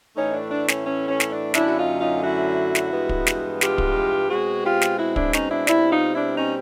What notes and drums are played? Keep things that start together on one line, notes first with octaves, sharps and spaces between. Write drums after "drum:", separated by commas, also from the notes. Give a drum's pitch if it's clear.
A2 E3 A3 C#4 D#4
D4
D4
C#4, drum: snare
C#4
C#4
drum: snare
D4
F#2 D3 F#3 A3 C#4 D4 E4, drum: snare
F#4
D#4 F4
D#4 F4
E4 F#4
drum: snare
G2 E3 G#3 B3
drum: kick
drum: snare
F4 G4, drum: snare
drum: kick
B2 G#3 C4 F#4 G#4
F4 G4
drum: snare
E4 F#4
D4 E4, drum: kick
C#4 D#4, drum: snare
D4 E4
B2 G3 C4 D4 E4, drum: snare
D#4 F4
D4 E4
C#4 D#4